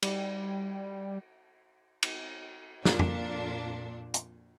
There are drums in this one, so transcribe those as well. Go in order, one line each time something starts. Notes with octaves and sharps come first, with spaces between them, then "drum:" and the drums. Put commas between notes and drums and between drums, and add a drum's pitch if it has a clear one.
G3, drum: cymbal
drum: cymbal
F2 A#2 D4, drum: snare
drum: tom
drum: hi-hat